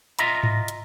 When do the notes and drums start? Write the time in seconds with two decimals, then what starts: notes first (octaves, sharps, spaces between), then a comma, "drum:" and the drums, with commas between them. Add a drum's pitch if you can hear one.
0.19 F4 D#5 E5 A#5, drum: hi-hat
0.43 drum: tom G#2
0.68 drum: hi-hat